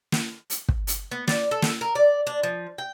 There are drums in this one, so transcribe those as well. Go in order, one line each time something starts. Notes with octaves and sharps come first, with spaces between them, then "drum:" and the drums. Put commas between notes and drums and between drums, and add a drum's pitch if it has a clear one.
drum: snare
drum: hi-hat
drum: kick
drum: hi-hat
B3
D5, drum: snare
A4
drum: snare
A#4
D5
D4
F3
G5